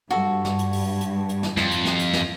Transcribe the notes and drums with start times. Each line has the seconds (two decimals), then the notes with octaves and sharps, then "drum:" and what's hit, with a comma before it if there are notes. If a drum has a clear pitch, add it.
0.11 G2 F#4 A4
0.45 drum: snare
0.59 drum: hi-hat
0.73 drum: open hi-hat
1.01 drum: hi-hat
1.29 drum: hi-hat
1.43 drum: snare
1.57 F2, drum: snare
1.71 drum: hi-hat
1.85 drum: snare
1.99 drum: hi-hat
2.13 drum: snare